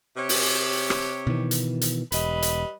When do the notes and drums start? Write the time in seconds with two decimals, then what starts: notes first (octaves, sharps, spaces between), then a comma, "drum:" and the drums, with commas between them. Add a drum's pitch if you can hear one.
0.17 C3 G4 C#5
0.29 drum: open hi-hat
0.90 drum: rim click
1.27 B2 D#3 E3
1.51 drum: hi-hat
1.81 drum: hi-hat
2.12 E1 G3 B4 D#5, drum: hi-hat
2.42 drum: hi-hat